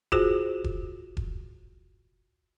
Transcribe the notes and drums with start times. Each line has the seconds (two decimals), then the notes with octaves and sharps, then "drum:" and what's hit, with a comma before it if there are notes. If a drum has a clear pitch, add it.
0.12 F4 F#4 G#4 C5, drum: kick E1
0.64 drum: kick E1
1.17 drum: kick E1